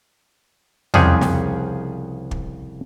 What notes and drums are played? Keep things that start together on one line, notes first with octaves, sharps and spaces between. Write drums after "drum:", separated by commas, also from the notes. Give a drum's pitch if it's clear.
C2 C#3 F3 G4 G#4 F#5, drum: tom E2
drum: snare
drum: kick